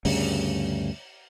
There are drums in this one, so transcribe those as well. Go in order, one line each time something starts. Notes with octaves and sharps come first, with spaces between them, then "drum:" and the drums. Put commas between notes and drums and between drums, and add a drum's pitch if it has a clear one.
D2 G2 C#3, drum: open hi-hat